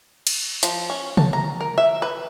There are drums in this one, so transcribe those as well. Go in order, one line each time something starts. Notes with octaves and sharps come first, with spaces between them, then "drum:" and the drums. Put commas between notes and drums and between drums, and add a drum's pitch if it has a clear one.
drum: cymbal
F3, drum: hi-hat
C#4
A5, drum: tom
A#5
A#4
E5
B4